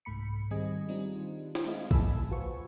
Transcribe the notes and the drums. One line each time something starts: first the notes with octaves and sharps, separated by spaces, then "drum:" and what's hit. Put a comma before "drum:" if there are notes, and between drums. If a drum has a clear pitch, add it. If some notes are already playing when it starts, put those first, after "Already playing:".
C2 G#2 A3 B5 C#7
D#3 G3 C4 G#4 D#5 G#6
D#3 G3 C4 D4 D#4 F4
drum: snare
G#3 A3 C4 E4 D#5 F5
G#5 A5 B5 E6, drum: kick
F4 F#4 B4 C5 G#5 C#6